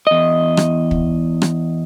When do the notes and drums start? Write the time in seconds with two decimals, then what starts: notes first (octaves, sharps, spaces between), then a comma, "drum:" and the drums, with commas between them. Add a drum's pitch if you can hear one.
0.07 E2 D#5
0.57 drum: rim click
0.91 drum: kick
1.42 drum: rim click